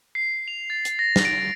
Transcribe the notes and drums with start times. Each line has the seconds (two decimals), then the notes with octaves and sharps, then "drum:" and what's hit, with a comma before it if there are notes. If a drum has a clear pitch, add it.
0.15 C7
0.48 F7
0.70 A6
0.85 drum: hi-hat
0.99 A#6
1.16 drum: snare
1.25 D7